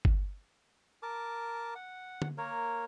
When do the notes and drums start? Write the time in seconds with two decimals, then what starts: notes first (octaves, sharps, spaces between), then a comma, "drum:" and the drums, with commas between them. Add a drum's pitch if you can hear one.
0.05 drum: kick G1
1.03 A#4 A5 D6
1.75 F#5
2.22 drum: tom
2.38 A#3 A#4 C#5